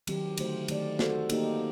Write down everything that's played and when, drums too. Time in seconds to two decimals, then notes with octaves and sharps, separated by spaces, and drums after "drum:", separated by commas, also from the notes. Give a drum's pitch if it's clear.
0.07 D#3 F#3 C4 G4, drum: cymbal
0.37 D3 A3 D#4 F#4 C5, drum: cymbal
0.68 D#3 A3 D#4 G4 D5, drum: cymbal
0.99 A3 C4 F#4 A4 C5, drum: snare
1.30 A#3 D#4 G4, drum: cymbal